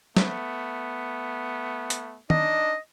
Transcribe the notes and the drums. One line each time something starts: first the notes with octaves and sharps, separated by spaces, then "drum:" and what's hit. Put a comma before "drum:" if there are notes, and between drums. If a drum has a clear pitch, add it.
A3 B3, drum: snare
drum: hi-hat
D4 D#4 D#5, drum: tom